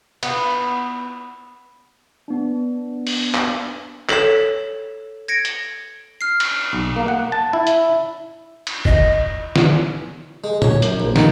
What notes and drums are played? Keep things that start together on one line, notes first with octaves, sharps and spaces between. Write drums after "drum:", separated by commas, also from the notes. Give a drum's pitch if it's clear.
B3, drum: cymbal
B3 D4
drum: open hi-hat
drum: clap
A4 C#5 B6 E7, drum: clap
G#6 A#6 C#7 D7
drum: hi-hat
F6 C7
drum: cymbal
B1
A#3
F#5
A5
E4
drum: hi-hat
drum: cymbal
D#5, drum: kick
drum: snare
G#3
C#5, drum: tom
F#2, drum: hi-hat
A#1
D#4, drum: snare